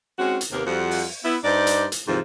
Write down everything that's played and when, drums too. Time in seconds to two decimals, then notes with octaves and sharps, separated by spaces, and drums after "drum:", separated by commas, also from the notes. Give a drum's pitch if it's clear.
0.19 G#3 C4 C#4 D#4 F#4
0.41 drum: hi-hat
0.52 D#2 C3 A#3 B3 G4 A#4
0.66 F2 F3 G3 F4 F#4 F#5
0.91 drum: open hi-hat
1.24 B3 E4
1.44 G2 D#4 C5 D5
1.67 drum: hi-hat
1.92 drum: hi-hat
2.07 D#2 G#2 C3 E3 F3 C4